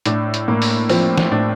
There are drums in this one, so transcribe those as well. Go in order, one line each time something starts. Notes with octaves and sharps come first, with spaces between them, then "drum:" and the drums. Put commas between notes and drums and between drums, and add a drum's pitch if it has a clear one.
A2 D4, drum: hi-hat
drum: hi-hat
A2 A#3
drum: open hi-hat
F3 C4, drum: open hi-hat
drum: snare
A2 D4